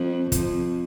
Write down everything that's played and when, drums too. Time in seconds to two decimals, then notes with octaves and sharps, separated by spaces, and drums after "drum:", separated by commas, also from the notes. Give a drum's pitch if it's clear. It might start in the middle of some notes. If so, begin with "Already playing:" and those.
Already playing: F2
0.32 F2, drum: kick, hi-hat